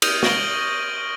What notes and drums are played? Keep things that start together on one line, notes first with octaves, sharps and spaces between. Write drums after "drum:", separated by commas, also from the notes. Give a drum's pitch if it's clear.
D#6 F6 G6 D#7, drum: cymbal
C#6 A#6 D7 F#7 G7, drum: snare